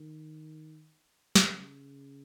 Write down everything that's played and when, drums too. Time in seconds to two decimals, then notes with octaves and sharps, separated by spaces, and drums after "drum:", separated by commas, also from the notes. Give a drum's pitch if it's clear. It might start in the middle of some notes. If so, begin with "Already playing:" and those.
Already playing: D#3
1.35 C#3, drum: snare